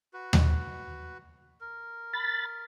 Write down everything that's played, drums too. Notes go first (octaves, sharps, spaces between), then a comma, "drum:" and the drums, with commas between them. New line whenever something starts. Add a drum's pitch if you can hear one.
F#4 B4
drum: tom D#2
A#4
B5 A6